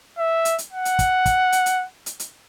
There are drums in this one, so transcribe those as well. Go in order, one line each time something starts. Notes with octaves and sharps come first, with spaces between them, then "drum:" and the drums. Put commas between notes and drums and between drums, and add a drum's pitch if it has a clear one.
E5
drum: hi-hat
drum: hi-hat
F#5
drum: hi-hat
drum: kick, hi-hat
drum: kick, hi-hat
drum: hi-hat
drum: hi-hat
drum: hi-hat
drum: hi-hat